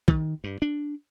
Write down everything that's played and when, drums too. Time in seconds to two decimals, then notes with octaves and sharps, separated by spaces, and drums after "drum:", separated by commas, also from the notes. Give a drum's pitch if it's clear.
0.08 D#3, drum: kick A#1
0.44 G2
0.62 D4